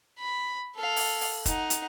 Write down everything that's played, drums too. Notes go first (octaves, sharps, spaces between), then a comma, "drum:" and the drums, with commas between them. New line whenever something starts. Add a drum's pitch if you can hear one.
B5
A4 F5
drum: open hi-hat
drum: open hi-hat
D#4 F#5, drum: kick, hi-hat
drum: hi-hat